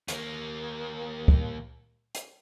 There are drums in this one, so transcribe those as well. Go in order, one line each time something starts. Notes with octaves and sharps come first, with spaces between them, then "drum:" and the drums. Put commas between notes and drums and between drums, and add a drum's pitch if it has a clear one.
D#2 A#3, drum: hi-hat
drum: kick
drum: hi-hat